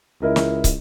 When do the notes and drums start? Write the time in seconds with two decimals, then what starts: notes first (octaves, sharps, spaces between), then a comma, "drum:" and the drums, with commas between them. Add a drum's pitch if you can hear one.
0.22 C#2 E4 A#4 D#5
0.36 drum: snare
0.64 drum: kick, hi-hat